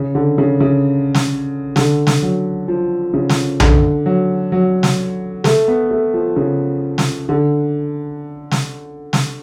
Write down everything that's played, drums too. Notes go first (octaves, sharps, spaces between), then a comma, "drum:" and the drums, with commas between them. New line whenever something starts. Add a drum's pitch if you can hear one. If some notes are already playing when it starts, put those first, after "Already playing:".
Already playing: C#3
D3
C#3
C#3
drum: snare
D3, drum: snare
drum: snare
F#3
F3
C#3
drum: snare
D3, drum: tom B1
F#3
F#3
drum: snare
A3, drum: snare
B3
A3
F3
C#3
drum: snare
D3
drum: snare
drum: snare